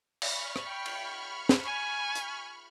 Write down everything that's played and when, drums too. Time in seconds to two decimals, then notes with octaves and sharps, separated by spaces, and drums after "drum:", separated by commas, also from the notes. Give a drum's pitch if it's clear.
0.22 B5 C#6 F6, drum: cymbal
0.56 drum: rim click
0.67 G5
0.86 drum: cymbal
1.49 drum: snare
1.65 G#5
2.15 drum: hi-hat